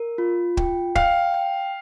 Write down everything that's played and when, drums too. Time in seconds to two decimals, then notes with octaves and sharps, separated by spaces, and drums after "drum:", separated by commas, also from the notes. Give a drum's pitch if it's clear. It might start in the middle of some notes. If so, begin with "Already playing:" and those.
Already playing: A#4
0.18 F4
0.57 G5, drum: kick
0.95 F5 G5, drum: kick
1.34 G5